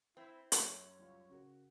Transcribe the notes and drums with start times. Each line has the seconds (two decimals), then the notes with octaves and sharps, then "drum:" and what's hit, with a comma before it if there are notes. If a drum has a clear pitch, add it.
0.17 C4 E4
0.52 F#2 C#5, drum: hi-hat
0.99 G3 F4 F5
1.29 C#3 F#4 A#4